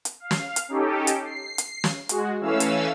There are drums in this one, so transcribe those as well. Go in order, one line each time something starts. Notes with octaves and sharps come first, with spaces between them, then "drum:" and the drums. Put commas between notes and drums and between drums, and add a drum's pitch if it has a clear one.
drum: hi-hat
F5
drum: snare
drum: hi-hat
C#4 D#4 G4 A4
drum: hi-hat
C7
drum: hi-hat
drum: snare
G#3 F#4, drum: hi-hat
E3 A3 C#4 F5 E6
drum: hi-hat